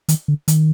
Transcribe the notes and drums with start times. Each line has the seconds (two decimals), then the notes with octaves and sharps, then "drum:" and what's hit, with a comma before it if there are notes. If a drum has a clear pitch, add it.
0.09 D#3, drum: hi-hat
0.28 D3
0.48 D#3, drum: hi-hat